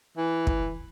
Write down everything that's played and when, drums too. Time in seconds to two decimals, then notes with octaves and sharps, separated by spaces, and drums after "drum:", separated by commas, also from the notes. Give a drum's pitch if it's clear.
0.17 E3
0.47 drum: kick